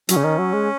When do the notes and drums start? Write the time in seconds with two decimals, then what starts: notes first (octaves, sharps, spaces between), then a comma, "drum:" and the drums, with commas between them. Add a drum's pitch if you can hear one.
0.09 F#3 C#4, drum: hi-hat
0.17 C#3
0.24 D#3
0.38 F#3
0.53 G#3